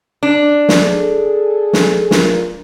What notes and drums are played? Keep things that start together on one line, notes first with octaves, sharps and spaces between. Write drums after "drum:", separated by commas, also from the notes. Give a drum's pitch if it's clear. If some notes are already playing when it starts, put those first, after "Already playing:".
D4
drum: snare
G#4 A4
drum: snare
D4 F4 A#4, drum: snare